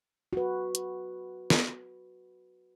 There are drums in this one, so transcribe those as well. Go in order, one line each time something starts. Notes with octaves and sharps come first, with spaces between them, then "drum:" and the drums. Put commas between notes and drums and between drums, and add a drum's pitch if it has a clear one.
F#4 B4
drum: hi-hat
drum: snare